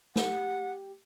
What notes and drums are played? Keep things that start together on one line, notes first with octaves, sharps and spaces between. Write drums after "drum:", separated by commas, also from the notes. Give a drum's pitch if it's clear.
G4 F#5, drum: snare